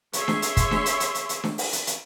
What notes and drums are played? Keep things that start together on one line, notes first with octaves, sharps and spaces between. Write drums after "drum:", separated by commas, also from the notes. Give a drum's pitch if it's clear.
G#4 C#5 E5 C6, drum: hi-hat
drum: snare D4
drum: hi-hat
drum: kick, hi-hat
drum: snare D4
drum: hi-hat
drum: hi-hat
drum: hi-hat
drum: hi-hat
drum: snare D4
drum: open hi-hat
drum: hi-hat
drum: hi-hat